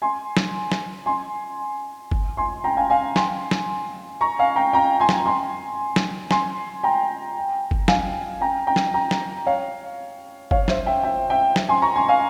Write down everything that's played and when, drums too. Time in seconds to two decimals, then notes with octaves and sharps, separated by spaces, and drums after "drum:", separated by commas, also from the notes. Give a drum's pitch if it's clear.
0.02 G#5 C6
0.37 drum: snare
0.72 drum: snare
1.06 G#5 C6
2.11 drum: kick G1
2.37 G#5 C6
2.64 G5 A#5
2.77 F5 G#5
2.90 F5 G#5
3.16 G#5 C6, drum: snare
3.51 drum: snare
4.21 A#5 C#6
4.39 F5 G#5
4.56 G5 A#5
4.73 G5 A#5
5.00 G#5 C6
5.09 drum: snare
5.26 G#5 C6
5.96 drum: snare
6.31 G#5 C6, drum: snare
6.83 G5 A#5
7.71 drum: kick G1
7.88 F5 G#5, drum: snare
8.41 G5 A#5
8.67 G5 A#5
8.76 drum: snare
8.94 G5 A#5
9.11 drum: snare
9.46 C#5 F5
10.51 C#5 F5, drum: kick G1
10.68 C5 E5, drum: snare
10.86 E5 G5
11.03 E5 G5
11.30 E5 G5
11.56 drum: snare
11.69 G#5 C6
11.82 A#5 C#6
11.96 G#5 C6
12.08 F5 G#5